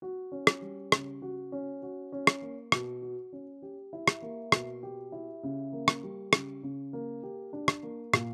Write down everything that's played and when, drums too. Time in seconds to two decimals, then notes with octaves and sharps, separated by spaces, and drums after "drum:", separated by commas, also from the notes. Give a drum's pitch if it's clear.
0.02 F#4
0.32 C#4
0.47 drum: rim click
0.61 G3
0.92 C#3, drum: rim click
1.22 F#4
1.52 C#4
1.82 F#4
2.12 C#4
2.27 drum: rim click
2.42 A#3
2.72 B2, drum: rim click
3.02 F#4
3.33 C#4
3.62 G4
3.93 E4
4.08 drum: rim click
4.22 A#3
4.52 B2, drum: rim click
4.83 G4
5.12 E4
5.43 C#3
5.73 A#3
5.88 drum: rim click
6.03 G3
6.33 C#3, drum: rim click
6.63 C#3
6.93 A#3
7.23 G4
7.53 D4
7.68 drum: rim click
7.83 A#3
8.14 A#2, drum: rim click